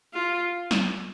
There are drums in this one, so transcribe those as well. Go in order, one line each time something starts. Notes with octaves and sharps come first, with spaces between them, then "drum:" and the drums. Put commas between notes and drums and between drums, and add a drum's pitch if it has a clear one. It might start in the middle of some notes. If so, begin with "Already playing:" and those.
F4
drum: snare